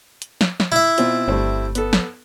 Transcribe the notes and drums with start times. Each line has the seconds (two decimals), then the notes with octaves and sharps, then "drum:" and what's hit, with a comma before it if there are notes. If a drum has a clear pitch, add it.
0.22 drum: hi-hat
0.41 drum: snare
0.60 drum: snare
0.72 E4 E5
0.98 B2 C4 F4, drum: hi-hat
1.28 G1 G3 A3 C4
1.75 B3 A4, drum: hi-hat
1.93 drum: snare